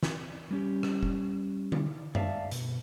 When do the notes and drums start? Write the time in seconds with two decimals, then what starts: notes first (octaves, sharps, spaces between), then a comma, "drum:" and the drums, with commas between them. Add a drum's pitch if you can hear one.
0.03 drum: snare
0.51 G3 C#4 G4
0.83 drum: rim click
1.03 drum: kick F1
1.72 drum: tom D3
2.15 D5 E5 F5 A5, drum: tom F#2
2.51 B2, drum: hi-hat